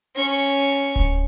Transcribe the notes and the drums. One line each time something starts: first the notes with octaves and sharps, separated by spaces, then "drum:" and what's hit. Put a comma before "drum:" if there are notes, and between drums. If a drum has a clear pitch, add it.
C#4 C#6
drum: kick D1